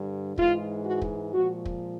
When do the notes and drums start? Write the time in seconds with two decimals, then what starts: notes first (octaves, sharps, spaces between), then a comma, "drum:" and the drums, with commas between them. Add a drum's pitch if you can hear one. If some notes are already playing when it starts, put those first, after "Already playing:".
Already playing: G2 D3 G3
0.38 G#2 E3 G#3 F4, drum: kick
0.85 F#4
1.02 drum: kick
1.33 A#2 F3 G#3 F#4
1.65 drum: kick